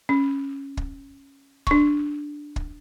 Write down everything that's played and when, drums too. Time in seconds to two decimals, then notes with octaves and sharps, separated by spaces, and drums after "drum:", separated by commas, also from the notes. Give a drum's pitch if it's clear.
0.09 C#4
0.77 drum: kick
1.67 D4 C#6, drum: kick
2.56 drum: kick